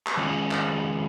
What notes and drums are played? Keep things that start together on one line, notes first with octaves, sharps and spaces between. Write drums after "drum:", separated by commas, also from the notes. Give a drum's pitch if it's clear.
drum: clap
D#3 G#3 C#4 F4 G#4
drum: clap